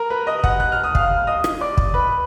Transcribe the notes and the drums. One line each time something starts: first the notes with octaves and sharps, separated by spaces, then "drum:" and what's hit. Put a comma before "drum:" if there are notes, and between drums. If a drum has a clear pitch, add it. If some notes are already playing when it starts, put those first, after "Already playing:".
Already playing: A#4 A#5
B4 B5
D#5 D#6
F#5 F#6, drum: kick
F#6
F6
D#6
F5 F6, drum: kick
D#5 D#6
drum: rim click
D5 D6
drum: kick
B4 B5